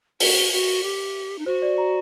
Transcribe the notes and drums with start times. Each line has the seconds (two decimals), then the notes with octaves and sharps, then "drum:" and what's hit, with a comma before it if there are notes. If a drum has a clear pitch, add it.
0.20 F#4, drum: open hi-hat
0.52 F#4
0.83 G4
1.39 D#4
1.46 F#4 C5
1.62 D5
1.78 A#5